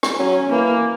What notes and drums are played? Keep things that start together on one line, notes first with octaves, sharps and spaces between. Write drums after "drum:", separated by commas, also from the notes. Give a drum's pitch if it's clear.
drum: rim click
F#3 C#4
E3 A#3